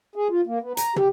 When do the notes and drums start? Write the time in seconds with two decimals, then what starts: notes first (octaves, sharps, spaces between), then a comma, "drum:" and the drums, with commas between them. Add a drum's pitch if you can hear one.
0.16 G#4
0.30 F4
0.47 A#3
0.62 B3
0.77 A#5, drum: hi-hat
0.96 G4, drum: tom